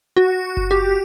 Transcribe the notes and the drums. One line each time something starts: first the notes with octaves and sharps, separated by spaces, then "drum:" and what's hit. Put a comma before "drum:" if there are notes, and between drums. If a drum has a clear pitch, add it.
F#4
drum: kick F#1
G4